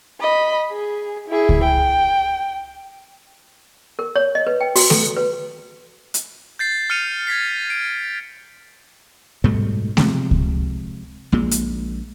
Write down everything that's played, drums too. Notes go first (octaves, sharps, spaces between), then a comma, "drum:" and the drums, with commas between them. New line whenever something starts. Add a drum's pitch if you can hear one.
D#5 B5
G#4
E4 G#4
drum: kick C#2
G5
A#4
C#5
D#5
B4
G5
F#4, drum: open hi-hat
A4, drum: snare A3
B4
drum: hi-hat
G6 A6 C7
F6 C#7 D#7 F7
G#6 A6 B6 C7
C7 D7
G#2 B2 G3 A3
C3 F3 G#3, drum: snare A3
drum: kick C#2
A#1 A#2 G#3
drum: hi-hat